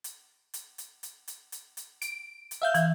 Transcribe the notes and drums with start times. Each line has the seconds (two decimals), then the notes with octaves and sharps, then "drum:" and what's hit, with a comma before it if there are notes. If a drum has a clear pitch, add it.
0.04 drum: hi-hat
0.54 drum: hi-hat
0.78 drum: hi-hat
1.03 drum: hi-hat
1.28 drum: hi-hat
1.52 drum: hi-hat
1.77 drum: hi-hat
2.02 D7, drum: hi-hat
2.51 drum: hi-hat
2.62 E5 F5 G6
2.74 E3, drum: hi-hat